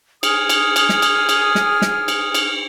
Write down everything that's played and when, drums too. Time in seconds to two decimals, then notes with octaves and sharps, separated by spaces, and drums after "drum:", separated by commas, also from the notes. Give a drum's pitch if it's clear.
0.23 G#4 D#6 F6, drum: cymbal
0.49 drum: cymbal
0.76 drum: cymbal
0.89 drum: snare
1.02 drum: cymbal
1.29 drum: cymbal
1.55 drum: snare
1.82 drum: snare
2.08 drum: cymbal
2.34 drum: cymbal